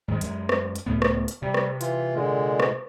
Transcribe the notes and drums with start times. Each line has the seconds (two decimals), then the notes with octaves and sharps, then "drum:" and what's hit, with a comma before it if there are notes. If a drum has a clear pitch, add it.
0.08 G#2 D#3 G#3
0.21 F#2 G#3, drum: hi-hat
0.49 drum: rim click
0.76 drum: hi-hat
0.86 C#2 A2 B3
1.02 drum: rim click
1.28 drum: hi-hat
1.42 C3 G3
1.54 drum: rim click
1.81 E3 F4, drum: hi-hat
2.15 A#2 D3 G#3
2.60 drum: rim click